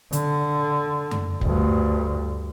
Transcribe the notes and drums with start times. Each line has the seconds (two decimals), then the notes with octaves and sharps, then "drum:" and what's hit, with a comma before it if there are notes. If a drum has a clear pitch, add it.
0.13 D3, drum: hi-hat
1.11 drum: tom F#2
1.41 D2 G2, drum: kick